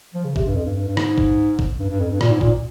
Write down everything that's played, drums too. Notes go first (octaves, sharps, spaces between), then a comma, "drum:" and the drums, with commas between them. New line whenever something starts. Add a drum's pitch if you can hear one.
F3
C#3
C3, drum: kick
G2
F2
G2
G2
G2
G#2, drum: rim click
drum: kick
drum: kick
G2
G2
F2
G2
A#2, drum: rim click
G#2
A#2, drum: kick